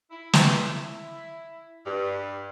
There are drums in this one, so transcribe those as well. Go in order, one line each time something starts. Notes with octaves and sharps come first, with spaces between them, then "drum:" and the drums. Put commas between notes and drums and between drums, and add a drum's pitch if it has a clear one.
E4
drum: snare
G2